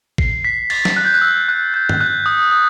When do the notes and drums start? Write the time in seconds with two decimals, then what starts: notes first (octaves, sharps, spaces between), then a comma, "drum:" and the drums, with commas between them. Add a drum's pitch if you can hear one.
0.18 C7, drum: kick
0.44 B6
0.70 A6, drum: cymbal
0.85 drum: snare
0.96 F#6
1.05 G6
1.14 F#6
1.22 E6
1.49 F#6
1.74 G6
1.89 drum: tom G2
2.01 F#6
2.26 D#6
2.52 D#6